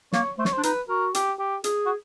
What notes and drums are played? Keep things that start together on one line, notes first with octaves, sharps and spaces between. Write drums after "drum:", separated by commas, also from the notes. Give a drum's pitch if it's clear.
A#3 C#5, drum: snare
A3 C5
C#5, drum: snare
C5
D4
D#4 B4, drum: hi-hat
F#4 A#4
G4, drum: hi-hat
G4
G#4, drum: hi-hat
F#4